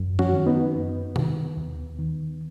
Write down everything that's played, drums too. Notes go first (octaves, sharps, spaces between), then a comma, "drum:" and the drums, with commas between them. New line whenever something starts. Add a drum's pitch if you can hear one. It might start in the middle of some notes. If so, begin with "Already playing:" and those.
Already playing: F#2
C#4 F#4, drum: tom F3
D#3
B3 D#4
F#2 B3
D#3, drum: tom B2
D#2
D#3